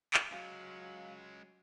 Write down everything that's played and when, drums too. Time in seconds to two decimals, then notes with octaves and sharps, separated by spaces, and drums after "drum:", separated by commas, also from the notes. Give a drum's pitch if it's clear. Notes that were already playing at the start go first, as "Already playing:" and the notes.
0.14 drum: clap
0.31 F#3 G#3 C#4 F5